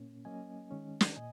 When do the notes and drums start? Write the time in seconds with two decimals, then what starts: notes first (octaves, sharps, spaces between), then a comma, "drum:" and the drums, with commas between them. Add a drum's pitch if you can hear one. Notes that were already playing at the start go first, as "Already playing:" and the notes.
Already playing: A#2 A#3 C#4
0.25 F#3 A#3 C#4 D#5 G#5
0.71 D#3 G#3 C#4
1.01 drum: snare
1.16 A#2 D#5 G#5